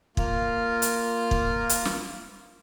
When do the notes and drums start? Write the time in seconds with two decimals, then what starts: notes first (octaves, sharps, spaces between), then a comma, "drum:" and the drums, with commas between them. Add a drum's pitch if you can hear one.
0.17 A#3 F4, drum: kick
0.82 drum: hi-hat
1.31 drum: kick
1.69 drum: hi-hat
1.85 drum: snare